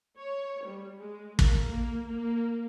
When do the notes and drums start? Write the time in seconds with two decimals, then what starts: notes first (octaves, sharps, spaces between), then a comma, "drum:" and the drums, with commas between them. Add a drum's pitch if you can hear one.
0.19 C#5
0.66 G3
0.99 G#3
1.39 A#3, drum: kick
1.69 A#3
2.06 A#3